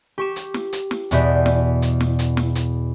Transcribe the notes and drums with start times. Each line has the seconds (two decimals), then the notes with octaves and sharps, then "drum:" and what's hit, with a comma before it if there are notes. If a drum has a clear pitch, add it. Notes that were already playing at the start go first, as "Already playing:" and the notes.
0.18 G4 C#6 E7
0.36 drum: hi-hat
0.54 drum: snare
0.73 drum: hi-hat
0.91 drum: snare
1.11 E2 B2 F#4 D5 E5 G6, drum: hi-hat
1.46 drum: snare
1.82 drum: hi-hat
2.01 drum: snare
2.19 drum: hi-hat
2.37 drum: snare
2.55 drum: hi-hat